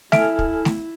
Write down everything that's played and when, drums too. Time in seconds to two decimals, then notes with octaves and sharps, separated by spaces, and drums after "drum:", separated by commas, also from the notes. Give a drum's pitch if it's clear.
0.12 E4 A4 E5 G#5 F6 D7, drum: snare
0.39 drum: kick
0.65 drum: snare